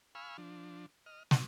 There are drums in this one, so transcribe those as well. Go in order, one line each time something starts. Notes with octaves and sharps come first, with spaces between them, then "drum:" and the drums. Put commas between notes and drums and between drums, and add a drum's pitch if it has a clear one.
F5 G#5 B5 C#6 E6 F6
F3 D4
D#5 F6
D#5, drum: snare